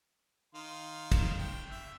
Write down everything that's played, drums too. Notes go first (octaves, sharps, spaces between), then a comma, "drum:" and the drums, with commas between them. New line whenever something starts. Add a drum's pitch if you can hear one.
D#3 F5 C6
drum: kick, cymbal
G5
E5